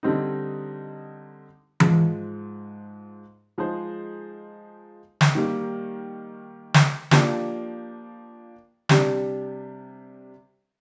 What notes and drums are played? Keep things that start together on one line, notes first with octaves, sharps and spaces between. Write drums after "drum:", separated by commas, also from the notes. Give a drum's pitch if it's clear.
D3 G3 C4 D#4
G#2 F3 G#3, drum: tom E3
F3 G#3 D#4 G#4 C5
drum: snare
D#3 G3 A#3
drum: snare
F3 A#3 D4 G4, drum: snare
C3 G3 D4 G4, drum: snare